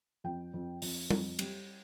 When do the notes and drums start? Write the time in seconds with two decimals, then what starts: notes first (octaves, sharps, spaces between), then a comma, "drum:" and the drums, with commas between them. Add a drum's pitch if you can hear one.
0.24 F2 G5
0.54 F2
0.82 F2, drum: open hi-hat
1.11 F2, drum: tom
1.39 G3, drum: cymbal